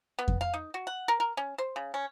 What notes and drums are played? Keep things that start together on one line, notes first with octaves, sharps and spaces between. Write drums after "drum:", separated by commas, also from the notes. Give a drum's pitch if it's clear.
B3
drum: kick F2
F5
D#4
F#4
F#5
A#4
A#4
C#4
C5
C#3
C#4